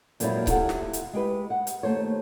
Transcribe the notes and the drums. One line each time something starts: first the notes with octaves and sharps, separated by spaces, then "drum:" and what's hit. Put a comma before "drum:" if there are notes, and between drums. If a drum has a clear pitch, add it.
F2 A#2 F3 F#3 G#3 E4, drum: hi-hat
C3 E4 F4 G4 A4 F#5, drum: kick C#1, hi-hat
drum: snare
drum: hi-hat
G#3 G4 B4
F#5
drum: hi-hat
D#2 A3 C5 C#5